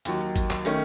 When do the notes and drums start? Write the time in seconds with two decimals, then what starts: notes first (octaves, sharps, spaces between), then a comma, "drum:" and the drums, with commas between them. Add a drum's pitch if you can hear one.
0.05 D#2 D#3 F#3, drum: hi-hat
0.36 drum: kick G#1, hi-hat
0.50 drum: clap
0.65 D#3 A3 C#4, drum: hi-hat